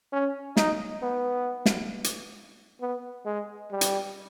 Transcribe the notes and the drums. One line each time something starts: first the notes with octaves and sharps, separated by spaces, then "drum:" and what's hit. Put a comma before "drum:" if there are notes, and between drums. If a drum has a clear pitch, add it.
C#4
D#4, drum: snare
B3
drum: snare
drum: hi-hat
B3
G#3
G3
drum: hi-hat